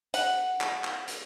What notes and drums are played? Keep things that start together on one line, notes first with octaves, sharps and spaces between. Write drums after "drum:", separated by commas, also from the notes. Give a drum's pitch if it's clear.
F#5, drum: hi-hat
drum: clap
drum: clap
drum: hi-hat